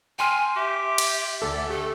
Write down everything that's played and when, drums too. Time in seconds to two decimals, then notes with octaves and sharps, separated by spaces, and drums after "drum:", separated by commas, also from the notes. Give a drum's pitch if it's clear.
0.19 G5 G#5 C6 F6
0.56 G4 E5
0.98 drum: cymbal
1.42 D2 A4 D5
1.69 A3 G4 A4